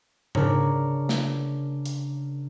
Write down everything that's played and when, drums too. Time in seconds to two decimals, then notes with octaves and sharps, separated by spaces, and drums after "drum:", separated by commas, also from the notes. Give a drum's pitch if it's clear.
0.35 C#3 D4 A#4 C#5, drum: tom G#2
1.09 drum: snare
1.86 drum: hi-hat